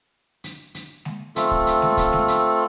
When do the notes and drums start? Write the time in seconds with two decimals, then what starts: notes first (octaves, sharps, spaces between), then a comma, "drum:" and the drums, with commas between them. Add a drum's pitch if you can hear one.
0.44 drum: hi-hat
0.75 drum: hi-hat
1.05 drum: snare G#3
1.36 A3 C4 F4 A4, drum: hi-hat
1.51 drum: kick
1.67 drum: hi-hat
1.82 drum: snare G#3
1.97 drum: kick, hi-hat
2.13 drum: snare G#3
2.28 drum: hi-hat